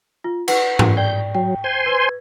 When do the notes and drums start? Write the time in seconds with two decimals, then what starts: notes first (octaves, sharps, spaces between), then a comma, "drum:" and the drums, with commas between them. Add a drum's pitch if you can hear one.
0.24 F4
0.48 B4 F#5, drum: cymbal
0.79 drum: tom G#2
0.97 D5 G5 G6
1.35 F#3 G5
1.64 C5 G#5 C6
1.86 B4 G#6